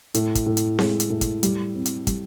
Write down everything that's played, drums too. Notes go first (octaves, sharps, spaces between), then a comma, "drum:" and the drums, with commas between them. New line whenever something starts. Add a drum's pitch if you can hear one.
A2, drum: hi-hat
drum: kick, hi-hat
A2
drum: hi-hat
G#3, drum: snare C4
drum: hi-hat
A2
drum: kick, hi-hat
G3, drum: hi-hat
C4
drum: hi-hat
G3, drum: kick, hi-hat